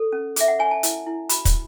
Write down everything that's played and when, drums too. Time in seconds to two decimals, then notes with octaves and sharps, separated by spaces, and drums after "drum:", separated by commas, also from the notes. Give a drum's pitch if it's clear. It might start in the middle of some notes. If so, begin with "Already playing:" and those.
Already playing: A4
0.12 C#4
0.36 G#4 E5, drum: hi-hat
0.48 F#5
0.59 C#5 G#5
0.71 A5
0.83 E4, drum: hi-hat
1.06 E4
1.29 F#4 B5, drum: hi-hat
1.45 drum: kick, hi-hat